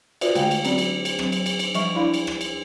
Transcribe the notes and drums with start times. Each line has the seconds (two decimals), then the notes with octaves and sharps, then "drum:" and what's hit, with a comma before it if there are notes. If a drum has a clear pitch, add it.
0.21 F4 F#4 B4 C5 D5 E5, drum: cymbal
0.35 D3 G#3 A3 F5 G5 G#5, drum: cymbal
0.51 drum: cymbal
0.65 F#3 C4 C#4 F#4 D5, drum: cymbal
0.78 drum: cymbal
1.05 drum: cymbal
1.19 F#3 C4, drum: rim click
1.32 drum: cymbal
1.46 drum: cymbal
1.59 drum: cymbal
1.74 F3 G3 E5 C#6, drum: cymbal
1.95 D4 E4 D5 F5 B5
2.14 drum: cymbal
2.27 drum: rim click
2.41 drum: cymbal